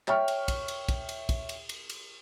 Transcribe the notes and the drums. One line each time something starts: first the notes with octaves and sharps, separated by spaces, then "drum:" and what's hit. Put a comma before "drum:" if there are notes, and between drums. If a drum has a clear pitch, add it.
C#5 E5 G5 C#6 F6, drum: clap
drum: cymbal
drum: kick, cymbal
drum: cymbal
drum: kick, cymbal
drum: cymbal
drum: kick, cymbal
drum: cymbal
drum: cymbal
drum: cymbal